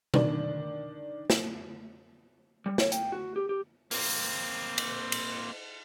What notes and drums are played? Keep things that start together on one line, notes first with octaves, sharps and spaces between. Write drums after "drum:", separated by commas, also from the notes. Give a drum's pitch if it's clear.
D#3 D4, drum: tom B2
drum: snare
G3
C#5, drum: snare
G5, drum: hi-hat
F#4
G4
G4
A#3 C4, drum: open hi-hat
drum: cymbal
drum: cymbal